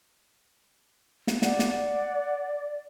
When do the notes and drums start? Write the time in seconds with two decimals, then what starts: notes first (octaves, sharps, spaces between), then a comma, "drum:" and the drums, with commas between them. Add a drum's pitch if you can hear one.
1.27 drum: snare
1.42 D5 F#5, drum: snare
1.59 drum: snare